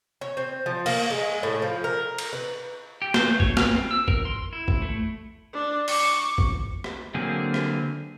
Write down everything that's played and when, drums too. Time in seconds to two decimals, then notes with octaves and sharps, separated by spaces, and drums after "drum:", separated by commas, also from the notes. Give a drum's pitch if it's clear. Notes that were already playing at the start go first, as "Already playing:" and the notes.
0.21 C#5
0.37 C4
0.66 F3
0.86 A#3, drum: cymbal
1.10 G#3
1.43 A2
1.62 F3
1.84 A#4
2.18 drum: cymbal
2.33 B4
3.02 G4
3.14 C5, drum: snare
3.26 A3
3.40 C#5, drum: kick
3.57 F6, drum: snare
3.74 C4
3.91 E6
4.08 A#4, drum: kick
4.25 C6
4.53 E4
4.68 drum: kick
4.82 A3
5.53 D4
5.88 C#6 D6, drum: open hi-hat
6.38 drum: kick
6.84 drum: rim click
7.14 D3 F#3 A#3 C4 G#4
7.54 drum: rim click